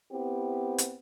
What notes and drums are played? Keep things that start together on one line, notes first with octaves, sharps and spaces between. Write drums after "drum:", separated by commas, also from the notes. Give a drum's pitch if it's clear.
B3 C4 E4 G4
drum: hi-hat